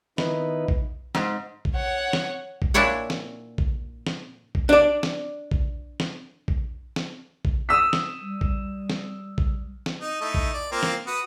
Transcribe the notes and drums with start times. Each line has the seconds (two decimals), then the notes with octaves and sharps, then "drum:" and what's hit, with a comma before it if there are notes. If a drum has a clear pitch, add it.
0.18 D#3 B3 D#4 E4 B4, drum: snare
0.68 drum: kick A#1
1.15 G#2, drum: snare
1.65 drum: kick A#1
1.75 C#5 F#5
2.13 drum: snare
2.62 drum: kick A#1
2.74 A#2 D4 E4 C#5 F#5
3.10 drum: snare
3.58 drum: kick A#1
4.07 drum: snare
4.55 drum: kick A#1
4.69 D4 D5
5.03 drum: snare
5.51 drum: kick A#1
6.00 drum: snare
6.48 drum: kick A#1
6.96 drum: snare
7.45 drum: kick A#1
7.69 D#6 E6 B6
7.93 drum: snare
8.21 G3
8.41 drum: kick A#1
8.90 drum: snare
9.38 drum: kick A#1
9.86 drum: snare
10.01 D#4
10.21 A3 D#4 E4
10.34 drum: kick A#1
10.53 D5
10.72 A#3 C4 F4
10.83 drum: snare
11.07 F#4 B4 D#6